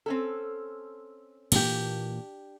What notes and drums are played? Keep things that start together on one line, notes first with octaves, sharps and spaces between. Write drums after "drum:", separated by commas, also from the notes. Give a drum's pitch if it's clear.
C4 C#4 A4
A#2 E3 A#3 D4 G4, drum: cymbal